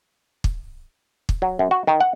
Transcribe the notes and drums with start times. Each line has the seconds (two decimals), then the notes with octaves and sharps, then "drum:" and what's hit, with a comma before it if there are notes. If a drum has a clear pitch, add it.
0.44 drum: kick
1.29 drum: kick
1.42 F#3
1.59 F#2
1.71 F#4
1.87 D#3
2.00 F#5